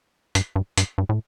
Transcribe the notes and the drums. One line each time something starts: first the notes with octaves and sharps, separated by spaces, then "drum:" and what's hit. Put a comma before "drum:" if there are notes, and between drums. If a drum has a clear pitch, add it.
G2, drum: hi-hat
G2
G2, drum: hi-hat
G2
A2